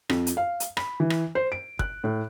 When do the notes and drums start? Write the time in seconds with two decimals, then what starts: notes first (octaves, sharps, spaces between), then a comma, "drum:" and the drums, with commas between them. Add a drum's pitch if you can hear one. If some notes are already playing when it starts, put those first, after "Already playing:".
0.10 F2, drum: rim click
0.27 drum: hi-hat
0.37 F5
0.60 drum: hi-hat
0.77 B5, drum: rim click
1.00 E3
1.10 drum: rim click
1.35 C5
1.52 D7
1.79 F#6, drum: kick
2.04 A2